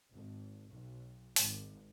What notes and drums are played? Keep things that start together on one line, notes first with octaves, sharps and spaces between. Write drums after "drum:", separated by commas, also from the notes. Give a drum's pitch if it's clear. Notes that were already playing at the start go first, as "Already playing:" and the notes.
G#1
B1
G#1, drum: open hi-hat